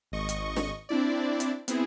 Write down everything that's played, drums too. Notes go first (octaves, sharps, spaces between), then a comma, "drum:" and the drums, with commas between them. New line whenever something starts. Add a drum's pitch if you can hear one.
G#1 D#5 C#6
drum: hi-hat
drum: snare
C4 D4 E4 D5
drum: hi-hat
B3 C4 E4 G#4, drum: hi-hat